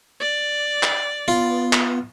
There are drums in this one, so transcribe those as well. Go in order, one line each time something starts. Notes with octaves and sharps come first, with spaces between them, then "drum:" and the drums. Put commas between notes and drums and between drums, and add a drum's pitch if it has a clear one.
D5
drum: clap
B3 F4
drum: clap